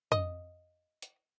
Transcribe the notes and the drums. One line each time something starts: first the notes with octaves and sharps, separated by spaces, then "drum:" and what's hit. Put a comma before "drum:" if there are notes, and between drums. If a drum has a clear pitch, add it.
D#5, drum: tom F2
drum: hi-hat